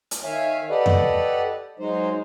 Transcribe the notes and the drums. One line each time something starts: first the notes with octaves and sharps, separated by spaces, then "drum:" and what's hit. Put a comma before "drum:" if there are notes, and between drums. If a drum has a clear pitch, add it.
drum: hi-hat
D#3 C#5 E5 F5 G#5
G4 A4 B4 D5 D#5 F#5
drum: tom F2
F#3 G#3 D#4 C5